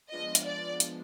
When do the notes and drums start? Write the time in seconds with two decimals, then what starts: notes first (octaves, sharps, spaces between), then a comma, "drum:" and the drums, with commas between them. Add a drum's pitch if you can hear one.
0.12 F3 G#3 B3 D4 F4 D#5
0.35 drum: hi-hat
0.46 D5
0.80 drum: hi-hat